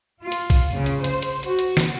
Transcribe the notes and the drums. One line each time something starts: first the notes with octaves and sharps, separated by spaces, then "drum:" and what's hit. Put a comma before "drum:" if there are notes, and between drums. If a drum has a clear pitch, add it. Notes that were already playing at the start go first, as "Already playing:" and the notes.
F4
drum: hi-hat
drum: kick A#1, open hi-hat
C#3
drum: hi-hat
C5, drum: hi-hat
drum: hi-hat
F#4, drum: hi-hat
drum: hi-hat
drum: snare